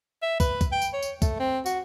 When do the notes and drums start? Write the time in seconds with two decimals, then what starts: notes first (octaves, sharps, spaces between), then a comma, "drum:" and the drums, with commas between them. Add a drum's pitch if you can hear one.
0.23 E5
0.40 B4, drum: kick, tambourine
0.61 drum: kick, tambourine
0.72 G5
0.82 drum: tambourine
0.93 C#5
1.03 drum: tambourine
1.22 A3, drum: kick, tambourine
1.40 C4
1.66 F#4, drum: tambourine